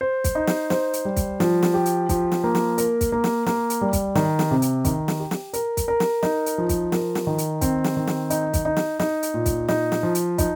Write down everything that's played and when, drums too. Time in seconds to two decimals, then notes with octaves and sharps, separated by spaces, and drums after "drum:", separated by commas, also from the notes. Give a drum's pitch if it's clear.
0.01 C5
0.24 drum: kick, hi-hat
0.35 D#4
0.47 drum: snare
0.70 C5, drum: snare
0.93 drum: hi-hat
1.05 G3
1.16 drum: kick, hi-hat
1.40 F3, drum: snare
1.63 drum: snare
1.74 G4
1.86 drum: hi-hat
2.09 F3, drum: kick, hi-hat
2.32 drum: snare
2.44 A#3
2.55 drum: snare
2.78 A#4, drum: hi-hat
3.01 drum: kick, hi-hat
3.12 A#3
3.24 drum: snare
3.46 A#3, drum: snare
3.70 drum: hi-hat
3.81 G3
3.93 drum: kick, hi-hat
4.15 D#3, drum: snare
4.39 drum: snare
4.51 C3
4.62 drum: hi-hat
4.85 D#3, drum: kick, hi-hat
5.08 drum: snare
5.20 G4
5.31 drum: snare
5.53 A#4, drum: hi-hat
5.77 drum: kick, hi-hat
5.88 A#4
6.00 drum: snare
6.23 D#4, drum: snare
6.46 drum: hi-hat
6.58 F3
6.69 drum: kick, hi-hat
6.92 A#4, drum: snare
7.15 drum: snare
7.27 D#3
7.38 drum: hi-hat
7.61 C4, drum: kick, hi-hat
7.84 drum: snare
7.96 D#3
8.07 drum: snare
8.30 D#4, drum: hi-hat
8.53 drum: kick, hi-hat
8.65 D#4
8.77 drum: snare
9.00 D#4, drum: snare
9.23 drum: hi-hat
9.34 A#2
9.46 drum: kick, hi-hat
9.68 D#4, drum: snare
9.92 drum: snare
10.03 F3
10.15 drum: hi-hat
10.38 D#4, drum: kick, hi-hat